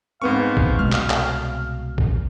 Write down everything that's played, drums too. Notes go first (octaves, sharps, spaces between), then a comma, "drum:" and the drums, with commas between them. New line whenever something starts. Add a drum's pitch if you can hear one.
G#2 B3 C4 B4 F5 C#6
drum: kick
C2 B2 G#3 F6
drum: clap
drum: clap
drum: kick